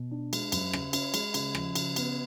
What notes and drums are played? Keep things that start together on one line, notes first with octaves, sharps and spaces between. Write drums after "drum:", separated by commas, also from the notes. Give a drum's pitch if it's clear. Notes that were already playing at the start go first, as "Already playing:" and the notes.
Already playing: B2
D4
G#3, drum: cymbal
F#2, drum: cymbal
C#3, drum: rim click
C#4, drum: cymbal
G#3, drum: cymbal
C#3, drum: cymbal
F3, drum: rim click
C#3, drum: cymbal
B3, drum: cymbal